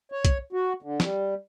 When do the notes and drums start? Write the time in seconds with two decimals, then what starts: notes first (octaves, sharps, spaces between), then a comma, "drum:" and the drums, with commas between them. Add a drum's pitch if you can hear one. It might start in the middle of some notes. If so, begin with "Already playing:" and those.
0.12 C#5
0.25 drum: kick, hi-hat
0.53 F#4
0.82 D3
1.00 G3, drum: snare